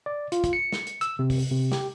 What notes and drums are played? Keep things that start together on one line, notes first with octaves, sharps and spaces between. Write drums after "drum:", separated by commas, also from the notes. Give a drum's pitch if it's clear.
D5
F4, drum: hi-hat
drum: kick, hi-hat
C#7
drum: snare
drum: hi-hat
E6, drum: hi-hat
C3
drum: kick, open hi-hat
C3
G4, drum: snare